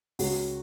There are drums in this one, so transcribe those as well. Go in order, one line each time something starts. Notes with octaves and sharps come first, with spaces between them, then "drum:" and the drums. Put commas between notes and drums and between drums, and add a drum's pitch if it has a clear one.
C#2 F#4, drum: open hi-hat